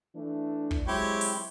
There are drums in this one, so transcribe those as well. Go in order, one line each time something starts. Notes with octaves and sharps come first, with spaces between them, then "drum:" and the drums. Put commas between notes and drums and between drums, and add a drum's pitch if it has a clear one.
E3 A3 D4
drum: kick
F#3 G#3 C4 E4 G4 C#5
drum: open hi-hat